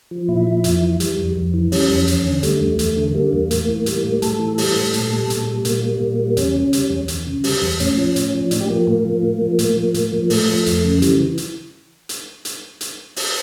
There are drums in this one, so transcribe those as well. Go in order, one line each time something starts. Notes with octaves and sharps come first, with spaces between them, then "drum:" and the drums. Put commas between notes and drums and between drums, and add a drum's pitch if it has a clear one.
F3
A#2 E4
F3
F2, drum: hi-hat
E3
G3, drum: hi-hat
F2
F2
E3
G3 C#4, drum: open hi-hat
F2
E2, drum: hi-hat
D3
G3 A3, drum: hi-hat
E2
E2, drum: hi-hat
D3
G3 A#3
E2
A2, drum: hi-hat
E3
G3, drum: hi-hat
A2
A2 A4, drum: hi-hat
E3
G3, drum: open hi-hat
A2
A#2, drum: hi-hat
G3
A#2, drum: hi-hat
G3
A#2 A#3, drum: hi-hat
G3
A#2
G3
E2 C#4, drum: hi-hat
C#3
G3, drum: hi-hat
E2
E2, drum: hi-hat
C#3
G3, drum: open hi-hat
E2
A2 C#4, drum: hi-hat
F3
A2, drum: hi-hat
F3
A2 D4, drum: hi-hat
G4
F3 A#3
A2 A#3
F3
A2
F3
A2 A#3, drum: hi-hat
F3
A2, drum: hi-hat
F3
A2 A3, drum: open hi-hat
F3
F2, drum: hi-hat
C#3
E3 G3, drum: hi-hat
drum: hi-hat
drum: hi-hat
drum: hi-hat
drum: hi-hat
drum: open hi-hat